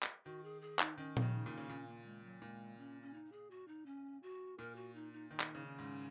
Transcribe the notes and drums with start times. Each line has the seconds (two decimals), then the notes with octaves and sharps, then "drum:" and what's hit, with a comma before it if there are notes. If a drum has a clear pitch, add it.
0.03 drum: clap
0.25 D#3 F#4
0.44 G#4
0.62 G#4
0.79 D#4, drum: clap
0.97 D#3 C#4
1.17 D#3, drum: tom A#2
1.22 C#3
1.33 D#4
1.46 A#2
1.57 C#3
1.69 A#2 C#4
1.87 A#3
2.05 G#3
2.24 F#3
2.42 A#2 G#3
2.79 C#4
3.02 C#4
3.13 D#4
3.32 G#4
3.51 F#4
3.68 D#4
3.86 C#4
4.23 F#4
4.58 A#2 A#4
4.76 F#4
4.95 D#4
5.13 D#4
5.30 D#3 D#4
5.40 drum: clap
5.55 C#3
5.66 C#4
5.79 G#2